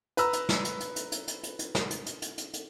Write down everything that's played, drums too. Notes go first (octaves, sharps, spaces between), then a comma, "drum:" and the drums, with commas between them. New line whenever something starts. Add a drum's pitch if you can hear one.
B4 A#5 E6, drum: hi-hat
drum: hi-hat
drum: snare
drum: hi-hat
drum: hi-hat
drum: hi-hat
drum: hi-hat
drum: hi-hat
drum: hi-hat
drum: hi-hat
drum: snare
drum: hi-hat
drum: hi-hat
drum: hi-hat
drum: hi-hat
drum: hi-hat